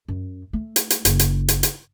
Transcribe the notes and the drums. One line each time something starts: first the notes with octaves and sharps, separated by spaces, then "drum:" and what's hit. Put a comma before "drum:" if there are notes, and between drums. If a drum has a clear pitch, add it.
F#2
A3
drum: hi-hat
drum: hi-hat
F#1, drum: hi-hat
drum: hi-hat
drum: hi-hat
drum: hi-hat